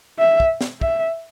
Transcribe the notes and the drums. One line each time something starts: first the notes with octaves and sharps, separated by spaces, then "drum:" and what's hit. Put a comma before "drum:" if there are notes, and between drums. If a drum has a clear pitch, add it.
E5
drum: kick
drum: snare
E5, drum: kick